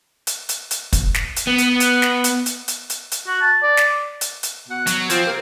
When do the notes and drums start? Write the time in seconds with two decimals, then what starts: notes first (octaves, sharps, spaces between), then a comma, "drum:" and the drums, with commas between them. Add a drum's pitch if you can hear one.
0.27 drum: hi-hat
0.49 drum: hi-hat
0.71 drum: hi-hat
0.93 drum: kick, hi-hat
1.14 drum: snare
1.36 drum: hi-hat
1.47 B3
1.58 drum: hi-hat
1.80 drum: hi-hat
2.02 drum: snare
2.24 drum: hi-hat
2.46 drum: hi-hat
2.68 drum: hi-hat
2.90 drum: hi-hat
3.12 drum: hi-hat
3.27 F#4
3.41 A5
3.63 D5
3.77 drum: snare
4.21 drum: hi-hat
4.43 drum: hi-hat
4.68 B2 F#5
4.87 F#3, drum: hi-hat
5.10 F3 C4, drum: hi-hat
5.25 C3 A#3